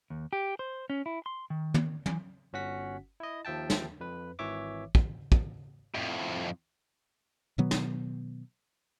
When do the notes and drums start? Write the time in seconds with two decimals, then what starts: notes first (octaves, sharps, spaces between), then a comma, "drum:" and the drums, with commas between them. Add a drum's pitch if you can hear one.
0.10 D#2
0.33 G4
0.59 C5
0.90 C#4
1.06 E4
1.26 C6
1.50 D#3
1.74 drum: tom
2.06 E3, drum: tom
2.53 G1 C#4 F#4 F#5 B6
3.20 E4 D#5
3.45 D#2 F3 E5 G5 A5
3.70 drum: snare
4.00 F2 B4
4.39 G#1 E3 C#5 E5 D6
4.95 drum: kick
5.32 drum: kick
5.95 F2 A2
7.58 B2 D#3 F#3 B3
7.71 drum: snare